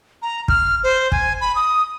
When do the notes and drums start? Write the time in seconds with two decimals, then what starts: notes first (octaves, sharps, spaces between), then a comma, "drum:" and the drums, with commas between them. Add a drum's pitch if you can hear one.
0.22 A#5
0.48 F6, drum: kick
0.84 C5
1.12 G#5, drum: kick
1.41 B5
1.55 D#6